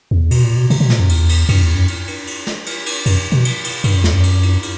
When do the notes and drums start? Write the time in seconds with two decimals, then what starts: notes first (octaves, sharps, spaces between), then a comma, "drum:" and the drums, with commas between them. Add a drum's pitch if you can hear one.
0.11 E2
0.31 B2, drum: cymbal
0.43 A#2
0.56 B2
0.70 B2, drum: cymbal
0.80 B2
0.90 A#2, drum: snare
1.00 F#2
1.09 E2, drum: cymbal
1.29 drum: cymbal
1.49 F#2, drum: cymbal
1.62 E2
1.75 F#2
1.88 drum: cymbal
2.08 drum: cymbal
2.27 drum: cymbal
2.47 drum: snare
2.66 drum: cymbal
2.86 drum: cymbal
3.06 F#2, drum: cymbal
3.32 B2
3.45 drum: cymbal
3.65 drum: cymbal
3.84 G2, drum: cymbal
3.94 F#2
4.04 E2, drum: snare
4.13 F#2
4.23 drum: cymbal
4.43 drum: cymbal
4.63 drum: cymbal